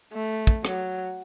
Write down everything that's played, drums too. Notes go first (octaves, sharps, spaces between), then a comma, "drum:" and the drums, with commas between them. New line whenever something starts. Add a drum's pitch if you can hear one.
A3
drum: kick
F#3, drum: rim click